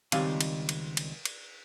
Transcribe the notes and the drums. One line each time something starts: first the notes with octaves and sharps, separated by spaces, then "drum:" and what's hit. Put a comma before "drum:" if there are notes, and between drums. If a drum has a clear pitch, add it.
C#2 D#3 G3 C4 F5 G#5, drum: cymbal
drum: cymbal
drum: cymbal
drum: cymbal
drum: cymbal